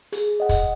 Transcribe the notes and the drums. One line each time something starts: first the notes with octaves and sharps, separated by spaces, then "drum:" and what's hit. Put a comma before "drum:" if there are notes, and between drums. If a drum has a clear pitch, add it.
G#4, drum: hi-hat
D#5 F#5
drum: kick, hi-hat